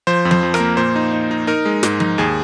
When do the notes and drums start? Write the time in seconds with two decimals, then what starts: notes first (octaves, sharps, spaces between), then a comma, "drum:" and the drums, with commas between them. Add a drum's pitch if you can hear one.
0.07 F3 C5
0.25 F2
0.31 C5, drum: tom F3
0.43 F2
0.54 A#4, drum: rim click
0.60 A#3
0.77 A#2 C5
0.96 D#4
1.13 D#4
1.31 D#4
1.47 D#4 A#4
1.65 G#3
1.83 G#2, drum: snare
2.00 D#4, drum: tom F3
2.18 D#2 G#4